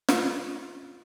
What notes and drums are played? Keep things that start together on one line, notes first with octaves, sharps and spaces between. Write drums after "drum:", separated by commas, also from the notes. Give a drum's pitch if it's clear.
F4, drum: snare